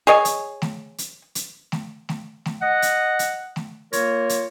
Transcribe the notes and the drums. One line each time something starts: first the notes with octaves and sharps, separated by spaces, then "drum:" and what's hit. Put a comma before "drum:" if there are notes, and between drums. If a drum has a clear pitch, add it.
G#4 C#5 D#5 G#5
drum: hi-hat
drum: snare A3
drum: hi-hat
drum: hi-hat
drum: snare A3
drum: snare A3
drum: snare A3
D#5 F#5
drum: hi-hat
drum: hi-hat
drum: snare A3
A#3 F4 A#4 C#5, drum: hi-hat
drum: hi-hat